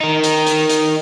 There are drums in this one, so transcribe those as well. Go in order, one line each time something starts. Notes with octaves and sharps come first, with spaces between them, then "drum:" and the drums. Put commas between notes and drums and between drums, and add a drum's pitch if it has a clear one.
D#4 A#4
drum: hi-hat
drum: hi-hat
drum: hi-hat